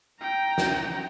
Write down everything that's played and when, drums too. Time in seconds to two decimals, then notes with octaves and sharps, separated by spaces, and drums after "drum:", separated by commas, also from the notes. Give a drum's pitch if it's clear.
0.20 G5 A#5
0.58 drum: snare